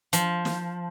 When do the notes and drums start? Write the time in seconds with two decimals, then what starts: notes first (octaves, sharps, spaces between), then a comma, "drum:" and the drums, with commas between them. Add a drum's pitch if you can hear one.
0.13 F3, drum: hi-hat
0.45 drum: snare